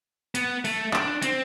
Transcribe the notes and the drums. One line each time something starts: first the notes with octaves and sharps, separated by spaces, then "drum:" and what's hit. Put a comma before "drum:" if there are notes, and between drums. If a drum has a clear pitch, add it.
B3, drum: hi-hat
A3, drum: open hi-hat
D4, drum: clap
C4, drum: hi-hat